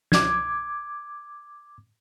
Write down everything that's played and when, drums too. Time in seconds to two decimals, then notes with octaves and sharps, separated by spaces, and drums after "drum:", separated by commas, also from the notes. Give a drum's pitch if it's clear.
0.12 D6 G#6, drum: snare